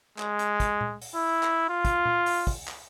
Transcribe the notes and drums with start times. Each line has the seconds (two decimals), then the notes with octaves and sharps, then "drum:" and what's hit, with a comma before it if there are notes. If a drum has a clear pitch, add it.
0.18 G#3, drum: clap
0.39 drum: hi-hat
0.60 drum: kick, hi-hat
0.81 drum: tom A#2
1.01 drum: open hi-hat
1.15 E4
1.43 drum: clap
1.69 F4
1.85 drum: kick, hi-hat
2.05 drum: tom A#2
2.26 drum: open hi-hat
2.47 drum: kick, open hi-hat
2.68 drum: clap